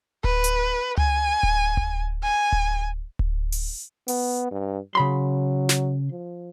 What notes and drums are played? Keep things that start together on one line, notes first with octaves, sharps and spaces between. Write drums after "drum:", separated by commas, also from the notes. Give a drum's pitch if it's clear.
B4, drum: kick D1
drum: hi-hat
G#5, drum: tom C#2
drum: kick D1
drum: kick D1
G#5
drum: kick D1
drum: kick D1
drum: open hi-hat
B3, drum: open hi-hat
G2
C#3 F#3 B5 C6
drum: snare
F3